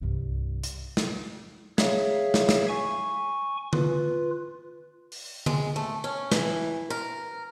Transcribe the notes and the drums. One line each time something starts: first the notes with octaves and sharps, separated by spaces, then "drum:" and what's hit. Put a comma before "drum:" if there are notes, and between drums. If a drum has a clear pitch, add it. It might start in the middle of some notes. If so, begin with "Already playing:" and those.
C2 G2
drum: hi-hat
drum: snare
G#4 C#5 E5 F5, drum: snare
drum: snare
drum: snare
G#5 C#6
F4 B4, drum: tom D3
drum: open hi-hat
G#3, drum: tom D3
A3
C#4
E3, drum: snare
A#4